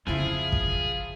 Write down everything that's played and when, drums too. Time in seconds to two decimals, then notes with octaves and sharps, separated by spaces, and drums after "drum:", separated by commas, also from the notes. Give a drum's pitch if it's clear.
0.07 F2 C#3 F3 E4 F4 G#4
0.52 drum: kick